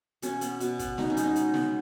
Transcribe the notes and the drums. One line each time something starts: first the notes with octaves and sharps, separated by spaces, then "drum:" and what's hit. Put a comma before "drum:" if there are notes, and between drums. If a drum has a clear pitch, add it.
B2 C#4, drum: hi-hat
B3, drum: hi-hat
B2, drum: hi-hat
B3, drum: kick, hi-hat
B2 D#4, drum: snare
C#4
G#3, drum: hi-hat
D#4
G#3, drum: hi-hat
B3, drum: snare